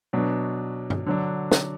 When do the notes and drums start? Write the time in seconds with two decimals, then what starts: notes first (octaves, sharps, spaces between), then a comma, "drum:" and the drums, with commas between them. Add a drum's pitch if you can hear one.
0.13 B2 F#3 D4
0.90 drum: tom G2
1.06 D3 F#3 D4
1.52 drum: snare